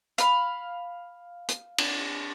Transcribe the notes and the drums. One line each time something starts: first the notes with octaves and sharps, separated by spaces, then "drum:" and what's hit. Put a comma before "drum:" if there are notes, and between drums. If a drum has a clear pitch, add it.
F5 B5, drum: hi-hat
drum: hi-hat
drum: cymbal